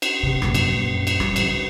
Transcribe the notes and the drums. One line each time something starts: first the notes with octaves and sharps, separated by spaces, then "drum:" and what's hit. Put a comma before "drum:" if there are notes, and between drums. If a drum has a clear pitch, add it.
drum: cymbal
C3
A#1 F#2, drum: rim click
drum: cymbal
A#1 F#2
drum: cymbal
G3, drum: rim click
C#2 A2, drum: cymbal